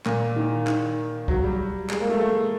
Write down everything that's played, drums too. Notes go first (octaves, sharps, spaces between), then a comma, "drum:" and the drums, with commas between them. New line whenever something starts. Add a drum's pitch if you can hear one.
A#2, drum: clap
D#3
D#3, drum: clap
F#3, drum: kick
G3
G#3, drum: clap
A#3
A3
A3